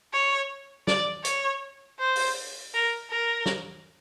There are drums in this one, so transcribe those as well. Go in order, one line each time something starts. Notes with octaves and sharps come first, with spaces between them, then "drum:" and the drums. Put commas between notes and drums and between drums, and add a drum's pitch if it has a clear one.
C#5
D5, drum: snare
C#5, drum: hi-hat
C5
drum: open hi-hat
A#4
A#4
drum: snare